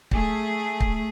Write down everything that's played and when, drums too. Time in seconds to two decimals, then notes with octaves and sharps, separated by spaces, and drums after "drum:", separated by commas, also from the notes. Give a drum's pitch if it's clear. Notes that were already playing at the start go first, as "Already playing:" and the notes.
0.11 A3 G#4, drum: kick
0.80 drum: kick